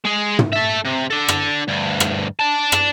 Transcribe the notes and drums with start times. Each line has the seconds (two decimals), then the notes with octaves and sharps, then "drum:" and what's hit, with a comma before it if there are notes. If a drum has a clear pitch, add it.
0.05 G#3 G#4
0.39 drum: tom
0.53 A4 E5
0.85 C3
1.11 D4 A4
1.29 drum: rim click
1.68 D2 G2
2.00 drum: rim click
2.40 D5 A5
2.72 drum: rim click